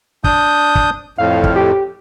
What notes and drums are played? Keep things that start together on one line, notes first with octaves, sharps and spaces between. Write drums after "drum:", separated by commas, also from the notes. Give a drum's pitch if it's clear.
D4 D#6 G6, drum: kick
drum: kick
F2 A2 F5
drum: kick
G4